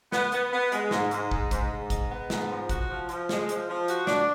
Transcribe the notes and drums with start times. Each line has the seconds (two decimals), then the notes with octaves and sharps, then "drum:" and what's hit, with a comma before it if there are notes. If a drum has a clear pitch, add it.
0.12 B3, drum: snare
0.32 B3, drum: hi-hat
0.52 B3
0.72 G#3, drum: hi-hat
0.91 G#2, drum: snare
1.11 G#2, drum: hi-hat
1.31 G#3, drum: kick
1.51 G#2, drum: kick, hi-hat
1.71 G#2
1.90 G#3, drum: kick, hi-hat
2.10 B3
2.30 G#2, drum: snare
2.50 F3
2.69 F#4, drum: kick, hi-hat
2.90 F3
3.09 F3, drum: hi-hat
3.29 G#3, drum: snare
3.49 F3, drum: hi-hat
3.68 F3
3.88 F#4, drum: hi-hat
4.07 D4, drum: snare